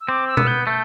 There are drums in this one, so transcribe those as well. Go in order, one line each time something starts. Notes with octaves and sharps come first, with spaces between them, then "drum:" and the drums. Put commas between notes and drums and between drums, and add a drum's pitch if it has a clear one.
E6
C4 D6
E6
B3, drum: tom B2
G6
A3 G6